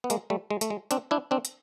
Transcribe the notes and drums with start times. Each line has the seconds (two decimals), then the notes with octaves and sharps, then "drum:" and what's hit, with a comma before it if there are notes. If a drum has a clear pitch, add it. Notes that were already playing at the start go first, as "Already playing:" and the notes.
0.04 B3
0.10 G#3 A#3, drum: hi-hat
0.30 G3 A3
0.51 G#3
0.61 A3, drum: hi-hat
0.70 G#3
0.91 C4 D4, drum: hi-hat
1.11 D4 E4
1.31 C4 D4
1.45 drum: hi-hat